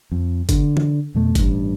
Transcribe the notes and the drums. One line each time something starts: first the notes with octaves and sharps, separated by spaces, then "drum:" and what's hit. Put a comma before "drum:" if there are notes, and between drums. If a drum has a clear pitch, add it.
F2
D3, drum: kick F#1, hi-hat
drum: tom
F2 B2 A3
A1 G2, drum: kick F#1, hi-hat